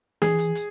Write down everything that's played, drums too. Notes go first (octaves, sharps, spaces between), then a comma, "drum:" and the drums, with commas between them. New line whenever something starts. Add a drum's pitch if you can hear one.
E3 G#4, drum: snare D4
drum: hi-hat
drum: hi-hat